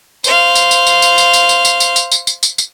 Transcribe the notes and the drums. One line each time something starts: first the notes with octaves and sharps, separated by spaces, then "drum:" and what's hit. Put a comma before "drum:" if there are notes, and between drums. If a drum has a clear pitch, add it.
C5 F5, drum: tambourine
drum: tambourine
drum: tambourine
drum: tambourine
drum: tambourine
drum: tambourine
drum: tambourine
drum: tambourine
drum: tambourine
drum: tambourine
drum: tambourine
drum: tambourine
drum: tambourine
drum: tambourine
drum: tambourine